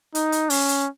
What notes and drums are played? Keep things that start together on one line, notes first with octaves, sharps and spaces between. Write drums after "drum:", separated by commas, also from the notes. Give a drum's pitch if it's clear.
D#4, drum: hi-hat
drum: hi-hat
C#4, drum: open hi-hat
drum: hi-hat